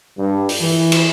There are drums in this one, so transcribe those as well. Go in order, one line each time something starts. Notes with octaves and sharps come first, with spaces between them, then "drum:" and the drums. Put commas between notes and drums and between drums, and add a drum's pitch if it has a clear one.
G2
drum: open hi-hat
E3
drum: cymbal